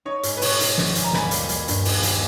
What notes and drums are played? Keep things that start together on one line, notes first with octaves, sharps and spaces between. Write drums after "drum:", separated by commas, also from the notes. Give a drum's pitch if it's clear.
D#4 C#5
G#2, drum: hi-hat
B4
B2 C#5, drum: open hi-hat
D#4, drum: hi-hat
A#1, drum: snare
G#2, drum: hi-hat
A#5
D#2 G#5 B5, drum: snare
G3, drum: hi-hat
G3, drum: hi-hat
G2, drum: hi-hat
D#2, drum: open hi-hat
D#2, drum: hi-hat